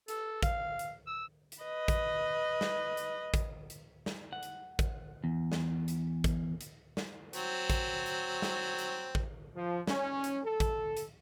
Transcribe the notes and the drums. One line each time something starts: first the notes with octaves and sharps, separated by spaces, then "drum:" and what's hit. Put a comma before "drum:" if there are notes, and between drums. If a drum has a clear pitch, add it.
A4, drum: hi-hat
F5, drum: kick, hi-hat
drum: hi-hat
E6
drum: hi-hat
B4 D#5
drum: kick, hi-hat
drum: snare
drum: hi-hat
drum: kick, hi-hat
drum: hi-hat
drum: snare
F#5
drum: hi-hat
drum: kick, hi-hat
E2
drum: snare
drum: hi-hat
drum: kick, hi-hat
drum: hi-hat
drum: snare
F#3 C4, drum: hi-hat
drum: kick, hi-hat
drum: hi-hat
drum: snare
drum: hi-hat
drum: kick
F3
C#4, drum: snare
drum: hi-hat
A4
drum: kick, hi-hat
drum: hi-hat